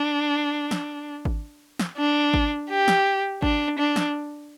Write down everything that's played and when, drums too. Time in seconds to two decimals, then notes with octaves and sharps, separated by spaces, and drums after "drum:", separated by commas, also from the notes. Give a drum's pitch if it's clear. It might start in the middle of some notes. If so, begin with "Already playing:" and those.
Already playing: D4
0.71 drum: snare
1.25 drum: kick G#1
1.79 drum: snare
1.97 D4
2.34 drum: kick G#1
2.69 G4
2.88 drum: snare
3.42 D4, drum: kick G#1
3.79 D4
3.96 drum: snare